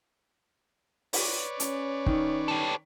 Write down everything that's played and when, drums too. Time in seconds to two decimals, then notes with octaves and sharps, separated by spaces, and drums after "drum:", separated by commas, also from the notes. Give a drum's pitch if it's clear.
1.13 B4 C#5 D5, drum: open hi-hat
1.60 C#4, drum: hi-hat
2.06 D#3, drum: kick
2.48 G4 A4